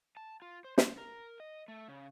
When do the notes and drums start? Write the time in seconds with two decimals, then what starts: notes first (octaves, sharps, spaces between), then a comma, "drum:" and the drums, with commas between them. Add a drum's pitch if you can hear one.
0.17 A5
0.42 F4
0.64 C5
0.78 C5, drum: snare
0.98 A#4
1.40 D#5
1.68 A3
1.88 C#3